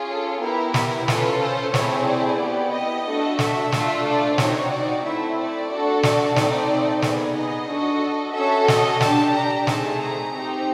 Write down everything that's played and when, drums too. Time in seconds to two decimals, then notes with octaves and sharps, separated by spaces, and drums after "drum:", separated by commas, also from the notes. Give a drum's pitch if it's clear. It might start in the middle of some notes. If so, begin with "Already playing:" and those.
Already playing: C#4 F4 G#4
0.09 A4
0.41 B3 E4 G4 A#4
0.74 A#4, drum: snare
1.08 C#4 F4 A4 B4, drum: snare
1.41 C5
1.74 A3 C4 E4 G#4 C#5, drum: snare
2.07 D5
2.40 B3 E4 G4
2.72 D#5
3.07 A3 D4 F#4 A4
3.39 E5, drum: snare
3.72 A3 D4 F4, drum: snare
4.05 D5
4.38 C4 D#4 F#4 C#5, drum: snare
4.71 D5
5.04 A3 C4 E4 E5
5.37 D5
5.70 D4 F#4 A4
6.03 D5, drum: snare
6.36 A3 C4 D#4 D5, drum: snare
7.02 B3 D#4 G#4 D5, drum: snare
7.36 D#5
7.69 D4 F#4 A4
8.35 C#4 F#4 A4 E5
8.68 D#5, drum: snare
9.01 D4 G4 A5, drum: snare
9.34 A#5
9.67 A3 C4 D#4 G#4 A5, drum: snare
10.01 A#5
10.34 C4 D#4 G4